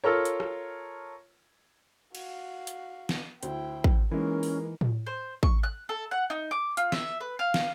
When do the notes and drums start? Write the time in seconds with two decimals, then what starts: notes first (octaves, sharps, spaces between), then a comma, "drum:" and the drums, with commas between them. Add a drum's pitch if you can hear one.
0.04 F4 A4 A#4 C#5
0.25 drum: hi-hat
0.40 drum: rim click
2.15 F#4 F5, drum: cymbal
2.67 drum: hi-hat
3.09 drum: snare
3.43 D2 E4 C5 G5, drum: hi-hat
3.84 drum: kick
4.12 E3 G#3 A#3 C#4 D#4 A#4
4.43 drum: open hi-hat
4.81 drum: tom A2
5.07 C5
5.43 C#6, drum: kick
5.63 F#6
5.89 A4
6.11 F#5
6.30 D#4
6.51 D6
6.77 F4, drum: hi-hat
6.92 E5, drum: snare
7.20 B4
7.39 F5
7.54 drum: snare